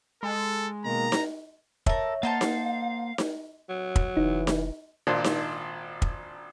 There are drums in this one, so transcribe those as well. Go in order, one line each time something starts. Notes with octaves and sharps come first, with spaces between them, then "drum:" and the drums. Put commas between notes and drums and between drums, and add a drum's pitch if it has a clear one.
G#3 A4
B2 D#3 A#3 A#5
drum: snare D#4
A4 A#4 C#5 E5, drum: kick
A#3 D#4 C5 F5 F#5 A5
drum: snare D#4
drum: snare D#4
F#3
drum: kick
F1 E3 D#4
drum: snare D#4
G#1 A#2 D4
drum: snare D#4
drum: kick